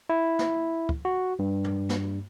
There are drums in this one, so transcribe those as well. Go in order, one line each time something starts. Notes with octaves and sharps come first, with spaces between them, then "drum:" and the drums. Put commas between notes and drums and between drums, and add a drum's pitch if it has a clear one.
E4
drum: snare
drum: kick
F#4
G2
drum: tom
drum: snare